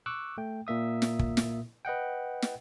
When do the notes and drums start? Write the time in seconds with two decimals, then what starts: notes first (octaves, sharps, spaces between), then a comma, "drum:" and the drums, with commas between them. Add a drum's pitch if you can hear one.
0.06 C#6 D6 E6 F#6
0.38 A3 G5
0.67 A#2 A#3 E5 D#6
1.02 drum: snare
1.19 drum: kick
1.37 drum: snare
1.85 B4 D#5 F#5 G5
2.42 drum: snare